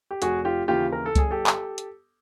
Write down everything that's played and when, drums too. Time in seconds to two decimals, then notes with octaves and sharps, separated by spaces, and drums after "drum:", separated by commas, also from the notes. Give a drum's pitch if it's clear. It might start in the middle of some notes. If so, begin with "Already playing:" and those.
0.11 G4
0.22 F1 F#4 G#4, drum: hi-hat
0.45 F4 G4
0.68 D#2 C#3 E3 F4 G4
0.92 A#4
1.06 A4
1.15 G1 G#4, drum: kick C#2, hi-hat
1.31 G4 A4
1.47 drum: clap
1.78 drum: hi-hat